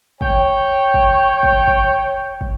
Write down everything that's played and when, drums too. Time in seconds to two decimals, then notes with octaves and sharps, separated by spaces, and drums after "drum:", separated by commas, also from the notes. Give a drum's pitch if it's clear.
0.21 C#5 G5, drum: kick
0.94 drum: kick
1.43 drum: kick
1.68 drum: kick
2.41 drum: kick